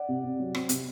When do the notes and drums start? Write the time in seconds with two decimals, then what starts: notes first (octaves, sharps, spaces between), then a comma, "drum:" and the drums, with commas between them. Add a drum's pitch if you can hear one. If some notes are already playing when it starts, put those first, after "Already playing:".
Already playing: D5 F#5
0.09 C3
0.24 C3
0.40 F#3
0.55 C4, drum: rim click
0.69 C3, drum: hi-hat